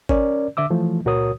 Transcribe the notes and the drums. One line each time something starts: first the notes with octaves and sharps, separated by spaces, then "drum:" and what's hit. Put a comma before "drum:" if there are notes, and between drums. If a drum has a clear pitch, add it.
C#4 A#4 D5, drum: kick
D3 E5 D6 E6
E3 F3 A3
C#2 A#2 F#4 A#4 C#5 D#6